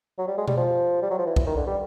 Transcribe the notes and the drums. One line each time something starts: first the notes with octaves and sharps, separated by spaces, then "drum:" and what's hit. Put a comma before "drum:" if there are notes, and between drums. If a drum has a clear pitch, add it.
F#3
G3
G#3
G3, drum: tom B2
F3
G3
F#3
F3
E3
E3, drum: kick
D#3
D3
G3